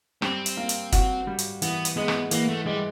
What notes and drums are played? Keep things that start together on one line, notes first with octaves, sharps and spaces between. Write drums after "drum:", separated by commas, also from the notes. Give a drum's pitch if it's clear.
G3 C4, drum: rim click
drum: hi-hat
A#3
drum: hi-hat
F#4, drum: kick, hi-hat
G3
drum: hi-hat
E3 B3, drum: hi-hat
drum: hi-hat
G#3 B3
drum: rim click
E3 A#3, drum: hi-hat
A3
G3 G#3